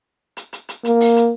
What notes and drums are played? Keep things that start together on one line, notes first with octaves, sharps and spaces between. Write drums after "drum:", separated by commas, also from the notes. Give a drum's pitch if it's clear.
drum: hi-hat
drum: hi-hat
drum: hi-hat
A#3, drum: hi-hat
drum: open hi-hat
drum: hi-hat